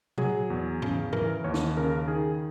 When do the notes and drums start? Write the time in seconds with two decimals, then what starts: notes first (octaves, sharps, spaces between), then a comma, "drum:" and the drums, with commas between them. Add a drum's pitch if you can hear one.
0.18 F#3 G#4, drum: tom A#2
0.50 E2
0.82 C#3, drum: tom G#2
1.13 E3 A#4, drum: tom G#2
1.44 D#2 C#5
1.54 drum: snare
1.77 C#3 A#4
2.08 D#3 G#4